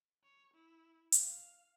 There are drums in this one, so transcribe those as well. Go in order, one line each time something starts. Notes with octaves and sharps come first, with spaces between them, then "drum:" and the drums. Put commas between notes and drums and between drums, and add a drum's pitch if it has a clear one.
C#5
E4
F5, drum: hi-hat